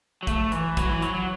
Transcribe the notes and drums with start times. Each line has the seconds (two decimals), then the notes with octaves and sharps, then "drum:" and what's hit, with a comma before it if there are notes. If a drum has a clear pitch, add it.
0.23 F#3
0.27 A3, drum: kick, hi-hat
0.52 E3, drum: hi-hat
0.77 F#3, drum: kick, hi-hat
0.90 E3
1.02 F#3, drum: hi-hat
1.14 F#3